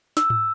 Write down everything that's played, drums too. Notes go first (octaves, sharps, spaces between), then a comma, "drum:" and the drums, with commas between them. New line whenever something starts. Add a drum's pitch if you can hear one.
E6, drum: snare
drum: tom G#2